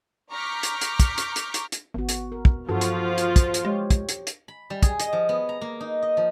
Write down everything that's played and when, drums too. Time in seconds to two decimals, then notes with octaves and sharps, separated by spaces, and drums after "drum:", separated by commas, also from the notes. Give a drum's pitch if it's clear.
0.31 A#5 C#6 D6 F6 G6 B6
0.63 drum: hi-hat
0.81 drum: hi-hat
1.00 drum: kick, hi-hat
1.18 drum: hi-hat
1.36 drum: hi-hat
1.54 drum: hi-hat
1.72 drum: hi-hat
1.94 G#1 B3 F#4
2.09 drum: hi-hat
2.32 A#4
2.45 drum: kick
2.69 G2 E3 F3 F4 F#4 A4
2.81 drum: hi-hat
3.18 drum: hi-hat
3.36 drum: kick, hi-hat
3.54 drum: hi-hat
3.65 G#3 G4 C#5
3.90 drum: kick, hi-hat
4.09 drum: hi-hat
4.27 drum: hi-hat
4.48 B5
4.70 G3
4.82 G#4, drum: kick, hi-hat
5.00 D#5, drum: hi-hat
5.13 F3
5.29 B3
5.49 A#5
5.61 A#3
5.80 D#4
6.02 D#5
6.17 F3